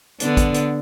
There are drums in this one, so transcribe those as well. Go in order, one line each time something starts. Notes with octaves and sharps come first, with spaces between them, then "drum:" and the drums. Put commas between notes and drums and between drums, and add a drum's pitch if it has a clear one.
D3 B3 D4, drum: hi-hat
drum: kick, hi-hat
drum: hi-hat